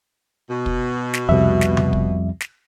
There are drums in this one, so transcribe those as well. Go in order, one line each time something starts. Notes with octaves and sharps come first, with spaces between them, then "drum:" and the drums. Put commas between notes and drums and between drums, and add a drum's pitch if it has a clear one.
B2
drum: kick
drum: snare
C2 F2 G3 E5
drum: snare
drum: tom C3
drum: kick
drum: snare